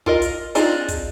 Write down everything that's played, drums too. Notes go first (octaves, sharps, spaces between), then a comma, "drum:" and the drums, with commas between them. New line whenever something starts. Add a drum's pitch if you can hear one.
F4 A#4 D#5, drum: kick
drum: hi-hat
C4 D4 D#4 F4 G#4, drum: hi-hat
drum: kick, hi-hat